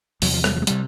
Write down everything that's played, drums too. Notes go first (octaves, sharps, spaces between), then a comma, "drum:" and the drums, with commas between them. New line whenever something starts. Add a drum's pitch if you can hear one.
E2 C3 F#3, drum: open hi-hat
F3
G3, drum: rim click
F3
G#3
C3 G3, drum: hi-hat